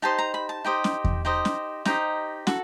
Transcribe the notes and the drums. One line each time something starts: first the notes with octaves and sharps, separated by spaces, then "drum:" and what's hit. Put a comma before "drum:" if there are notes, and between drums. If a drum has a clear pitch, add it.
D#4 G4 C5 D#5 A5
A#5
B5
A5
D#4 G4 C5 D#5
drum: snare
drum: kick E2
D#4 G4 C5 D#5
drum: snare
D#4 G4 C5 D#5 A#5, drum: snare
F#4 A4, drum: snare